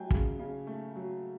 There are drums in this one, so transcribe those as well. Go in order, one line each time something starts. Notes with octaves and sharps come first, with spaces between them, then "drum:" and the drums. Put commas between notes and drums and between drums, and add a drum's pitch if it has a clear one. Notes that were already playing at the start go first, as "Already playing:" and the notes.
Already playing: F#3 A3 G5 G#5
C#3, drum: kick
C#3
A3
F#3